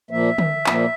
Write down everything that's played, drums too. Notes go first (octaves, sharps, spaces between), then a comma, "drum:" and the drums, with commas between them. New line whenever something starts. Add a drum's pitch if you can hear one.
A#2 F3 A#3 E5
drum: tom D3
A#2 F3 A#3, drum: clap